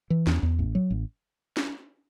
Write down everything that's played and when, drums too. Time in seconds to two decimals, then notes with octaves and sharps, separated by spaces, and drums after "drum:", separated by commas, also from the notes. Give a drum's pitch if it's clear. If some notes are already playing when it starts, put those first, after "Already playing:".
0.10 E3
0.27 E2, drum: snare
0.43 E2
0.59 A1
0.75 F#3
0.91 A1
1.57 drum: snare